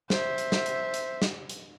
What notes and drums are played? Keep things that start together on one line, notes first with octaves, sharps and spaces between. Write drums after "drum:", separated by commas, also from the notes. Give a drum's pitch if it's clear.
C5 E5, drum: snare
drum: hi-hat
drum: snare
drum: hi-hat
drum: hi-hat
drum: snare
drum: hi-hat